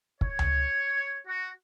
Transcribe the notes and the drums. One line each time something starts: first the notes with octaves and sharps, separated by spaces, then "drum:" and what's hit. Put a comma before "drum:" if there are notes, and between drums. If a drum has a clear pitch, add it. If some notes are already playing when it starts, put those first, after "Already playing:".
C#5, drum: kick
drum: tom C#2
F#4